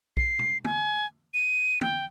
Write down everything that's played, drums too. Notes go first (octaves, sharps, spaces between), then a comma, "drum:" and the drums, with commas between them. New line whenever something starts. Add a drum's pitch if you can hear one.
C7, drum: kick
drum: tom B2
G#5, drum: tom
D#7
G5, drum: tom